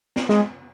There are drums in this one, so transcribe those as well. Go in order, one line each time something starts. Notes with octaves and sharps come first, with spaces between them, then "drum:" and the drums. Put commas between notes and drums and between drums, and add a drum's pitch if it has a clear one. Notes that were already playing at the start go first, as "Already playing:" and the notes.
drum: snare
G#3, drum: snare